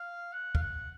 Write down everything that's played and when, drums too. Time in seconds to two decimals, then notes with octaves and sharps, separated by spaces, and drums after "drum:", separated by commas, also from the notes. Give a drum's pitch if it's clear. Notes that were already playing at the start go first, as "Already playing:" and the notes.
Already playing: F5
0.32 F#5
0.55 F5, drum: kick
0.61 F#5